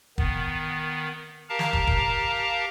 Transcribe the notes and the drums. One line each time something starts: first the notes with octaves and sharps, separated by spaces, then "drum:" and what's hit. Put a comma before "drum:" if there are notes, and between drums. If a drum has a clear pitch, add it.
D#3 B3, drum: kick
G4 A#4 F5 A5 A#5
drum: snare
drum: kick
drum: kick